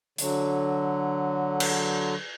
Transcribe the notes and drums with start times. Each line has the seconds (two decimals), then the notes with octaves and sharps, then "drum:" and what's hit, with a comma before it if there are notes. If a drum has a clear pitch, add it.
0.18 D3 F#3, drum: hi-hat
1.60 drum: cymbal